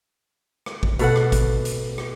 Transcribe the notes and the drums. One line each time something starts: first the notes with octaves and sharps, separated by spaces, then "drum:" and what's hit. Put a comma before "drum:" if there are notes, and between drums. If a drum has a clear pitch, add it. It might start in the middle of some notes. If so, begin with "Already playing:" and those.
drum: rim click
drum: kick A1
B2 A4 F#5, drum: hi-hat
drum: rim click
drum: kick A1, hi-hat
drum: hi-hat
drum: rim click